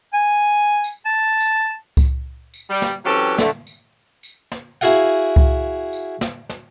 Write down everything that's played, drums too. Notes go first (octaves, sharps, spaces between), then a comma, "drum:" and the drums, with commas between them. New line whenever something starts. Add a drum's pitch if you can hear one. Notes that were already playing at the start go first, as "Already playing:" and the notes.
G#5
drum: tambourine
A5
drum: tambourine
drum: kick C2, tambourine
drum: tambourine
G3
drum: snare
E3 F#3 C4 C#4 G4 A4
D3 A3, drum: snare
drum: tambourine
drum: tambourine
drum: snare
E4 F#4 G#4 F5 F#5, drum: tambourine
drum: kick C2
drum: tambourine
drum: snare
drum: snare